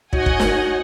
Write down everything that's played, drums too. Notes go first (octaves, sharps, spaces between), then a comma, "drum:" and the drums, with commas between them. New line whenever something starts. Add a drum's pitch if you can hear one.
D#4 F#4 C#5 D#5 F#5 G#5, drum: kick
drum: kick
drum: snare